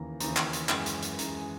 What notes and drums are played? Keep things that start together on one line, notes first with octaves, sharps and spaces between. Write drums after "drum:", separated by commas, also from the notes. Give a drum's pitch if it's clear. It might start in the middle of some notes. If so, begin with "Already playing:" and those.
Already playing: D#2 C#3 E3 A#5
D#2 C#3 E3 A#5, drum: hi-hat
drum: clap
drum: hi-hat
F#2 E3 G#3, drum: clap
drum: hi-hat
drum: hi-hat
F#2 E3 G#3 A#5, drum: hi-hat
G#5